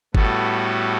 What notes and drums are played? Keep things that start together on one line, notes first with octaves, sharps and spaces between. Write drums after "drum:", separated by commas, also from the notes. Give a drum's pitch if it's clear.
A2 G3 B3 F#4 A4, drum: kick